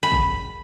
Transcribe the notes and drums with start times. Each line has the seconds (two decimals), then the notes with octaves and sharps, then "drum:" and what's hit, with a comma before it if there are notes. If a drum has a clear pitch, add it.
0.03 B5
0.12 drum: kick